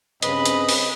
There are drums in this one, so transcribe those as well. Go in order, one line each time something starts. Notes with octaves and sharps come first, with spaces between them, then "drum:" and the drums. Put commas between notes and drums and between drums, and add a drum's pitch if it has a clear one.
G2 C#3 C4 B4 D#5, drum: hi-hat
drum: hi-hat
drum: open hi-hat